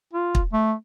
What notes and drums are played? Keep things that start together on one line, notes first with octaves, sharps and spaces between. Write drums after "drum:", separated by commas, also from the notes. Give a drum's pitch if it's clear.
F4
drum: kick
A3